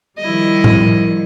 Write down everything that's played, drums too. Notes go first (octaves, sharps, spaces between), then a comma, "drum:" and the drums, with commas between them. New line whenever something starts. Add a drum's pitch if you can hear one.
D#3 F3 G3 E4 D#5
drum: tom A2